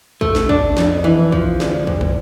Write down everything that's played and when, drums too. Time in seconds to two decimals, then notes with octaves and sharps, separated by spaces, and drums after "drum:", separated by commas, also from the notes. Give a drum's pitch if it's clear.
0.21 A3, drum: kick
0.35 drum: snare
0.49 D4, drum: kick
0.77 F2, drum: snare
1.04 E3
1.32 F3, drum: kick
1.60 D2, drum: snare
1.87 D2, drum: kick
2.01 drum: kick